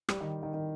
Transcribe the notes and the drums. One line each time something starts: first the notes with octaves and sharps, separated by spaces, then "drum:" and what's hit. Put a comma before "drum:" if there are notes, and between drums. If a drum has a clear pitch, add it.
G3, drum: rim click
D#3
D#3
D#3